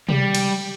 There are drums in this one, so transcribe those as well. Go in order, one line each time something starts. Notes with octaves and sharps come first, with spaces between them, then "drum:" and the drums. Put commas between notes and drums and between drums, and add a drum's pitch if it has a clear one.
G3, drum: tom C3
drum: cymbal